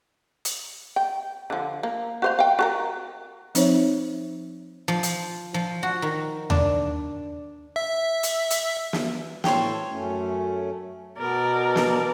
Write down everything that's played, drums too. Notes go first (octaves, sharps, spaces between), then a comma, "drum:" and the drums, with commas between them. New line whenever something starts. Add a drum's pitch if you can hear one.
drum: hi-hat
G5
D3 F3
A#3
F#4 C5 F5
F5 G5
F#4 A4 A#4
F3 C4 D#4 C5 C#5 E5, drum: hi-hat
F3
drum: hi-hat
F3
F#4
D#3
D4, drum: tom D#2
E5
drum: hi-hat
drum: hi-hat
drum: snare
A2 A4 C5 C#5 G5, drum: snare
F#2 A3 C#4
B2 B3 A#4 D5
drum: snare